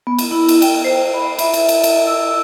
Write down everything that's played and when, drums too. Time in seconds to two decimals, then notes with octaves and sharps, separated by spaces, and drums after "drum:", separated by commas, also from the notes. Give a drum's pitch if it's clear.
0.07 B3
0.19 drum: cymbal
0.32 E4
0.49 drum: cymbal
0.62 G5, drum: cymbal
0.85 C5
1.14 B5
1.39 E5, drum: cymbal
1.54 drum: cymbal
1.69 drum: cymbal
1.84 drum: cymbal
2.07 E6